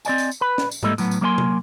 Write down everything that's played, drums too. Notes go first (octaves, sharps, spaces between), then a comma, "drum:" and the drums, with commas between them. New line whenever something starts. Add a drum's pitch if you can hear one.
C4 D5 D#5 G#5, drum: tambourine
drum: tambourine
drum: tambourine
B4 B5
drum: snare
drum: tambourine
G3 G#3 A#3 E4 A4 D#5, drum: tom G#2
A2 F#3 B3, drum: tambourine
drum: tambourine
F#3 A#3 A#4 C5 G#5 C6
drum: tom C3